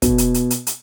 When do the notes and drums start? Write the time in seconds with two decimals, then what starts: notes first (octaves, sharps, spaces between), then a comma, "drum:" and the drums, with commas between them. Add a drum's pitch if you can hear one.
0.02 B2, drum: kick, hi-hat
0.18 drum: hi-hat
0.34 drum: hi-hat
0.50 drum: hi-hat
0.67 drum: hi-hat